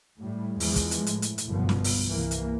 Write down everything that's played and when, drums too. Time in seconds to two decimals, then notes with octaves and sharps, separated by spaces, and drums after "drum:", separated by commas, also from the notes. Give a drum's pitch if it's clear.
0.20 A2 G3
0.60 E2 E3 F3 G#3, drum: open hi-hat
0.76 drum: kick, hi-hat
0.91 drum: hi-hat
1.06 A2, drum: hi-hat
1.22 drum: hi-hat
1.38 drum: hi-hat
1.48 G1 C2 F#2 B2 F3 B3
1.69 drum: snare
1.84 drum: open hi-hat
2.09 C2 E3 A#3
2.31 drum: hi-hat